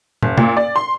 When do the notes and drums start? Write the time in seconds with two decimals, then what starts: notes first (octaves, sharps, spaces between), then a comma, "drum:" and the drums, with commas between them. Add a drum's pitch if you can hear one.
0.23 F#1, drum: tom
0.38 A#2, drum: tom
0.57 D5
0.76 C6